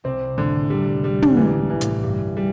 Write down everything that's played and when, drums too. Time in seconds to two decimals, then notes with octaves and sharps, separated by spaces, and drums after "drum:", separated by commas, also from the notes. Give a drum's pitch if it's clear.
0.04 C2 C3 C4
0.37 A1 A2 D3
0.70 C2 C3 G3
1.04 G3
1.22 drum: tom
1.37 D2 D3 E3
1.59 C2 C3
1.70 E3
1.81 A1 A2, drum: hi-hat
2.03 G2 G3
2.37 G3